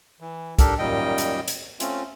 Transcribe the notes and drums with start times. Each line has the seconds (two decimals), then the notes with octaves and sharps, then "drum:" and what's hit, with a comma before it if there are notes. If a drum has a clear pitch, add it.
0.20 E3
0.59 D4 G4 A4 A#4, drum: kick C2, hi-hat
0.78 F#2 A#2 D#3 G3 D#5 G5
1.18 drum: hi-hat
1.48 drum: hi-hat
1.80 A3 C4 C#4 F4, drum: hi-hat